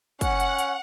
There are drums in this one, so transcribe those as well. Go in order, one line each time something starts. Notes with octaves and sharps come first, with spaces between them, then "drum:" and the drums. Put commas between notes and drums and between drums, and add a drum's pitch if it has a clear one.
C#4 F#5, drum: kick, hi-hat
drum: hi-hat
drum: hi-hat